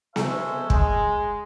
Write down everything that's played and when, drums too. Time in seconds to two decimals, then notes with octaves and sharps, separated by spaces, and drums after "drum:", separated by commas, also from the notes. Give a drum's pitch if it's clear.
0.16 G#3 C#4 A4 C5 E5, drum: snare B3
0.70 G#3, drum: kick